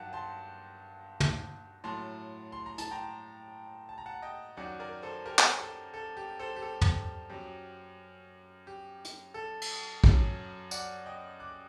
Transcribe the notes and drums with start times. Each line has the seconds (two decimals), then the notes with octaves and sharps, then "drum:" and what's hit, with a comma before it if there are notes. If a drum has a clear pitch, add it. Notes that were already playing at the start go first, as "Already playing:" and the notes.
Already playing: G2 D#3 F#3 F#5 G5 A5
0.13 A5 C6
1.20 drum: tom
1.84 A2 F#3 A5 C6
2.52 C6
2.66 A#5
2.78 A5, drum: hi-hat
2.91 G5 A#5
3.89 A5
3.98 A#5
4.06 F#5 A5
4.22 D#5 G5
4.57 F#2 D#3 F#3 D5 F#5
4.80 A#4 D5
5.02 A4 C5
5.26 G4 A#4
5.39 drum: clap
5.59 A4
5.94 A4
6.17 G4
6.39 A4 C5
6.56 G4
6.62 A4
6.81 drum: tom
7.30 F#2 F#3 G4
8.67 G4
9.05 drum: hi-hat
9.34 A4
9.61 drum: cymbal
10.04 F#2 F#3, drum: kick
10.71 D5 F#5, drum: tambourine
11.05 D#5 G5
11.40 D6 F#6